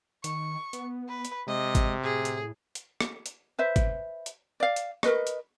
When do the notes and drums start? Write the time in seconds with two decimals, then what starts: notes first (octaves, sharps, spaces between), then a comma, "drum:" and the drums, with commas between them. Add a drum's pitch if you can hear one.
0.24 D#3 C#6, drum: hi-hat
0.73 B3, drum: hi-hat
1.08 B4
1.25 drum: hi-hat
1.48 C3 G#3 D#5
1.75 drum: kick, hi-hat
2.03 A2 G#4
2.25 drum: hi-hat
2.75 drum: hi-hat
3.01 drum: rim click
3.26 drum: hi-hat
3.59 B4 C5 E5
3.76 drum: kick, hi-hat
4.26 drum: hi-hat
4.60 D5 F5
4.76 drum: hi-hat
5.03 A#4 B4 D#5, drum: rim click
5.27 drum: hi-hat